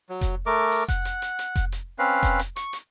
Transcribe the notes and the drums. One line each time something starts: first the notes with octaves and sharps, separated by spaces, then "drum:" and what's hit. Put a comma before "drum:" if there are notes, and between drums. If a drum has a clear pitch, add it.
F#3
drum: kick F1, hi-hat
A3 A#4 D6
drum: open hi-hat
F#5, drum: kick F1, hi-hat
drum: hi-hat
drum: hi-hat
drum: hi-hat
drum: kick F1, hi-hat
drum: hi-hat
C4 C#4 B4 F5
drum: kick F1, hi-hat
drum: hi-hat
C#6, drum: hi-hat
drum: hi-hat